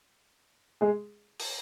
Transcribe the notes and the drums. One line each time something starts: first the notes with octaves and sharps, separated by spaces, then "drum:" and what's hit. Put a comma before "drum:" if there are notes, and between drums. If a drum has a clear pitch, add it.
G#3 G#4
drum: open hi-hat